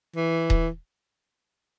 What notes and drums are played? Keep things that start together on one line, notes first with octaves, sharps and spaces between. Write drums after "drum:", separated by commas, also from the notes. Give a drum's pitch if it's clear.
E3
drum: kick D#1